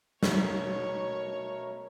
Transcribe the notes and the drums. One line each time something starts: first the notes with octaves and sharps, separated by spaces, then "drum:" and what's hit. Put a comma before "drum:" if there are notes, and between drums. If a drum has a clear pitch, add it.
B2 A3 A#4 C#5, drum: snare